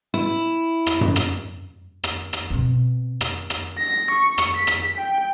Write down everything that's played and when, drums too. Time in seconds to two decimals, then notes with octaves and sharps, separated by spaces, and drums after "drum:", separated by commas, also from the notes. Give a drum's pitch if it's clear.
0.14 E4
0.86 drum: rim click
1.01 drum: tom F#2
1.16 drum: rim click
2.03 drum: rim click
2.33 drum: rim click
2.50 B2 C4
3.21 drum: rim click
3.50 drum: rim click
3.79 A#6
4.12 C#6
4.38 drum: rim click
4.57 B6
4.67 drum: rim click
4.98 G5